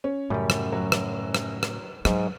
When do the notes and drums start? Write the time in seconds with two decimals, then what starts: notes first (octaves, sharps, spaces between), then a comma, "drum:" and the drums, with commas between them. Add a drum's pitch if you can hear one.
0.04 C#4
0.30 F#2 A2 C#3 G3
0.50 drum: rim click
0.72 F#3
0.92 drum: rim click
1.35 drum: rim click
1.63 drum: rim click
2.05 G#2 F#3, drum: rim click